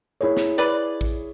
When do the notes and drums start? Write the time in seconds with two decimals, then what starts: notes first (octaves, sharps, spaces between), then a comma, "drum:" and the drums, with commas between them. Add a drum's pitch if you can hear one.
0.21 E4 G#4 C#5
0.37 drum: snare
0.58 B4 D5
1.01 drum: kick A#1